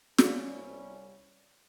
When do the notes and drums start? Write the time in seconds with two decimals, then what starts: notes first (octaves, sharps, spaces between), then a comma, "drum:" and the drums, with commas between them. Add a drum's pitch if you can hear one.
0.18 C2 G3 C#4 F4 D5 F5, drum: snare